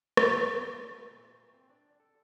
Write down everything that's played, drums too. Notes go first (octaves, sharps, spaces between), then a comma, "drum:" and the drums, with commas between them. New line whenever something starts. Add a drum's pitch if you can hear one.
drum: rim click
G#3 A3 E4 F#4 A4
A#2 C5 G#5
C4
D4 D5
A4